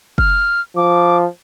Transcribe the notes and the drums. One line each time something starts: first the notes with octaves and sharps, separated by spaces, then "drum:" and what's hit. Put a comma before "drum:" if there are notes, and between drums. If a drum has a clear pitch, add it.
F6, drum: kick
F3 D6